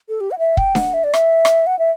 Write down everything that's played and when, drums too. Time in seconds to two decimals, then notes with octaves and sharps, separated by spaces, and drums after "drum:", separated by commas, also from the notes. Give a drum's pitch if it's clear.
0.09 A4
0.20 G4
0.31 F#5
0.39 E5
0.57 G5, drum: kick
0.75 F#5, drum: snare D4
0.94 E5
1.04 D5
1.14 E5, drum: rim click
1.45 drum: rim click
1.66 F#5
1.79 E5